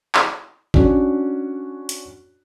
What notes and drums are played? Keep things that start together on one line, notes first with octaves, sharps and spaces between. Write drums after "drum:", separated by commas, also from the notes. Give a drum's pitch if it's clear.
drum: clap
C#4 D4 F#4, drum: kick G#1
drum: hi-hat